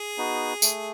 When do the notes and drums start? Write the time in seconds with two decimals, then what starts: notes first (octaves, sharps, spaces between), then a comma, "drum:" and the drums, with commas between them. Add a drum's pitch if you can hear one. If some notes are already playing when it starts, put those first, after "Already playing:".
Already playing: G#4
0.18 B3 D#4 F#4
0.62 A3, drum: tambourine